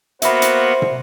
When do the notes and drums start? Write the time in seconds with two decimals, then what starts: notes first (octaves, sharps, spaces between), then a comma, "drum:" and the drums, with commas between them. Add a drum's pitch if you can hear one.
0.22 A#3 B3 F#4 C5 E5 B5, drum: hi-hat
0.42 drum: hi-hat
0.82 drum: tom